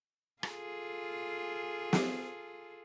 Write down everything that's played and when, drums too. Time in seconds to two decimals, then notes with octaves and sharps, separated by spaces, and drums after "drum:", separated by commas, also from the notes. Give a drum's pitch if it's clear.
0.43 F4 G#4 A4, drum: rim click
1.93 drum: snare